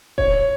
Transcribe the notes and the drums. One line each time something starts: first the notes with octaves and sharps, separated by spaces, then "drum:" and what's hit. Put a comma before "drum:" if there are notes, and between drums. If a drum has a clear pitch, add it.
C#5, drum: kick D#1